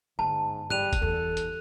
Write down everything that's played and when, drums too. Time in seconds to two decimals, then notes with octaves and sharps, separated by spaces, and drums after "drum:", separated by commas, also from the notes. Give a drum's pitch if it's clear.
0.19 G1 G#2 A5
0.70 G3 F#6 D#7 F7, drum: tom
0.93 drum: kick F#1, hi-hat
1.02 E2 A4
1.37 drum: hi-hat